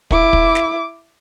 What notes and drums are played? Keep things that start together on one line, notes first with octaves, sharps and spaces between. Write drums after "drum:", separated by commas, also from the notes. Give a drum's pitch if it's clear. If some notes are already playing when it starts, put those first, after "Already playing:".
E4 D6, drum: kick
drum: kick
drum: snare